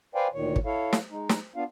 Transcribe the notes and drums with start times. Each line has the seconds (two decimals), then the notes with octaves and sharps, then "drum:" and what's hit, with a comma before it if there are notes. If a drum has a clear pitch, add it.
0.15 B4 C5 D5 F5 G5 G#5
0.34 D2 A#2 D#3 C#5
0.56 drum: kick
0.65 E4 A4 C#5 F5
0.93 drum: snare
1.11 G#3 D#4
1.29 drum: snare
1.56 B3 D4 F4 F5